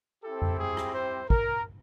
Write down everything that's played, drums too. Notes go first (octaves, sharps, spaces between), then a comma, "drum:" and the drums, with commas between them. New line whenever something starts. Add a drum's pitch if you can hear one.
C4 E4 G4 A4
drum: tom F2
G#4
drum: rim click
C5
A#4, drum: kick